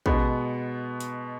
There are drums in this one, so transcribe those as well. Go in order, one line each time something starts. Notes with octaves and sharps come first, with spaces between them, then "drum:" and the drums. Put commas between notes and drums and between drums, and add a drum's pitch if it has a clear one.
B2 G#3 B3, drum: kick
drum: hi-hat